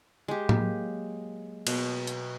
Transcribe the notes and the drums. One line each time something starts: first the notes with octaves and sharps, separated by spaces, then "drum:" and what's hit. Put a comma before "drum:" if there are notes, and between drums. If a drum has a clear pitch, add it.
G#3 G4
F#3 A#3, drum: tom A2
B2, drum: cymbal
drum: hi-hat